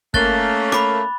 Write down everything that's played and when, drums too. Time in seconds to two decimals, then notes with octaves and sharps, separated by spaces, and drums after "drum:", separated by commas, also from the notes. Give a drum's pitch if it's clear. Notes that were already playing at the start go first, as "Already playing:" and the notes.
0.14 A3 A#3 C#4 F#6 A6 G7, drum: kick
0.72 B5 D6, drum: rim click